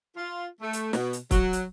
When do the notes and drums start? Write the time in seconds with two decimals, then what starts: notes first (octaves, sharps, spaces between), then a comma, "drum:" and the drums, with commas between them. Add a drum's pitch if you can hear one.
0.16 F4
0.61 A3
0.73 drum: hi-hat
0.93 B2, drum: snare
1.13 drum: hi-hat
1.31 F#3, drum: kick, hi-hat
1.53 drum: hi-hat